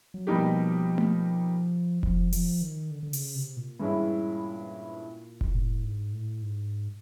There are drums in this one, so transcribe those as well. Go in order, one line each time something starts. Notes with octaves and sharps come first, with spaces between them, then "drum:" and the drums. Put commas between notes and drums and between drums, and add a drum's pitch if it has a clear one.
F#3
B2 F3 G3 A#3 D#4 G4
drum: tom A3
F3, drum: kick F1
F3, drum: open hi-hat
D#3
D3
D3
C#3, drum: open hi-hat
C3
A#2
G2 E3 G#3 C#4 E4
drum: kick F1
A2
G#2
A2
G#2